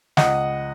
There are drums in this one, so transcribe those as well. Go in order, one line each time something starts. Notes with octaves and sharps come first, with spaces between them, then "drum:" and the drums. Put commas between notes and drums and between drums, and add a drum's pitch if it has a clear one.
C#2 D#5 F#5, drum: snare